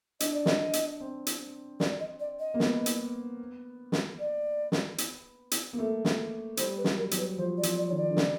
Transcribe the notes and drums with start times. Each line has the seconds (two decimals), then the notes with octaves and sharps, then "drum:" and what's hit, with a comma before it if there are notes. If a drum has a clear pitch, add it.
0.20 D4 D#5, drum: hi-hat
0.33 D5
0.46 D#5, drum: snare
0.73 drum: hi-hat
1.00 C4
1.27 drum: hi-hat
1.80 D5, drum: snare
2.00 D#5
2.20 D5
2.39 D#5
2.54 A#3
2.60 B3, drum: snare
2.86 drum: hi-hat
3.92 drum: snare
4.19 D5
4.72 drum: snare
4.98 drum: hi-hat
5.51 drum: hi-hat
5.73 A#3
5.79 A3
6.05 drum: snare
6.57 G3 C5, drum: hi-hat
6.78 B4
6.84 F#3, drum: snare
6.97 A#4
7.11 F#3, drum: hi-hat
7.17 B4
7.37 F3 C5
7.58 D5
7.63 F3, drum: hi-hat
7.77 D5
7.89 D#3 C#5
7.97 D5
8.10 D3
8.16 C#3, drum: snare